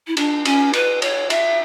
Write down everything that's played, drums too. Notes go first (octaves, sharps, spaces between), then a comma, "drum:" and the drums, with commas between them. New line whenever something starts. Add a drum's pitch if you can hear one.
E4
D4, drum: cymbal
C#4, drum: cymbal
B4, drum: cymbal
C#5, drum: cymbal
E5, drum: cymbal